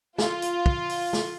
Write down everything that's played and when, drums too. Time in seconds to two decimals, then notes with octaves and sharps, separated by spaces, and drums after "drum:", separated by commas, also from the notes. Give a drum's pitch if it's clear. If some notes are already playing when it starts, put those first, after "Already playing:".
0.18 F4, drum: snare
0.42 drum: hi-hat
0.66 drum: kick
0.89 drum: open hi-hat
1.13 drum: snare